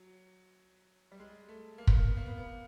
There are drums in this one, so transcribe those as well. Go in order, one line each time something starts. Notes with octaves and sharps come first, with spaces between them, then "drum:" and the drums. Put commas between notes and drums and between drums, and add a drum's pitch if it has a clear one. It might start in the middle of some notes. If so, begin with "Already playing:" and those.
Already playing: F#3
G3
G#3
A3
A#3
B3, drum: kick
A#3
B3
A#3
B3
B3